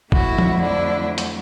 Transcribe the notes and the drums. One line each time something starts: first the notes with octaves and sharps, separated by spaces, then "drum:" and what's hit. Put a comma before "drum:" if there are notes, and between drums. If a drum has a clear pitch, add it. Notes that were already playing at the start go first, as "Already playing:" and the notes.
F2 D3 F#3 A3 E4 F#4, drum: kick
drum: tom F3
D4 E4
drum: hi-hat